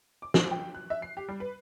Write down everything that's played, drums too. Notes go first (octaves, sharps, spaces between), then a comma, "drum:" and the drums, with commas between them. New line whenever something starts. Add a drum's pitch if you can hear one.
D6
C4, drum: snare
G5
F#6
E5
C7
G4
G3
B4